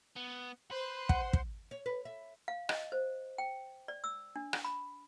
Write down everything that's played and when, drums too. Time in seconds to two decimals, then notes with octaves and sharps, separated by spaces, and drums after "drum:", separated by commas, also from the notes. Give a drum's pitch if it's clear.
0.16 B3
0.71 B4 C5 C6
1.09 F#5, drum: kick
1.33 drum: kick
1.71 C#5
1.86 B4
2.05 E5
2.48 F5
2.69 D#5, drum: rim click
2.92 C5
3.38 G5
3.88 D5
4.04 E6
4.36 D4
4.53 drum: rim click
4.64 B5